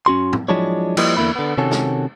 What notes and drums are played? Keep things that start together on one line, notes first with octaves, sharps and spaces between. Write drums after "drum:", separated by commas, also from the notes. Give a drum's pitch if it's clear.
F#2 C#4 F#4 C6
drum: tom
F3 F#3 G#3 D4 E4 C#5
F3 G3 A#3 E4 C5 D#5, drum: cymbal
E2 D3 A#3 E4 B5
D3 B3
C3 D#3 C#4 F#4 A4
drum: snare